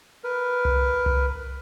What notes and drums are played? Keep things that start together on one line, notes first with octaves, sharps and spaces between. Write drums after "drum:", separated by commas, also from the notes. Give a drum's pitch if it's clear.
A#4 B4
drum: tom C2
drum: tom C2